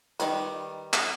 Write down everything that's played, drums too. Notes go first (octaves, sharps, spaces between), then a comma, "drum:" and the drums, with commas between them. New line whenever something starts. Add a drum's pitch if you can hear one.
D#3 G3 B4, drum: hi-hat
drum: clap